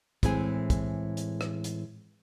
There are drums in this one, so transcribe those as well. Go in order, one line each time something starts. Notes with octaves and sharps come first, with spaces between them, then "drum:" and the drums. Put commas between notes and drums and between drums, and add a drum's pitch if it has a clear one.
A2 E3 G#3 C4 G#4 G#5, drum: kick, hi-hat
drum: kick, hi-hat
drum: hi-hat
drum: rim click
drum: hi-hat